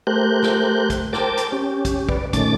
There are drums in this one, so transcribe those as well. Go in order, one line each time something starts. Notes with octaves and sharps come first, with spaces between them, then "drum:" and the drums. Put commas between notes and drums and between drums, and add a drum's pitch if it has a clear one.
A3 G4 A#4 C5 F#6 G6
drum: snare
drum: kick, hi-hat
A#4 C5 G5 A5 D6, drum: snare
drum: hi-hat
C#4 G4
drum: kick, hi-hat
B4 D5, drum: kick
A#2 D#3 A3 C#4 D6 A6, drum: kick, hi-hat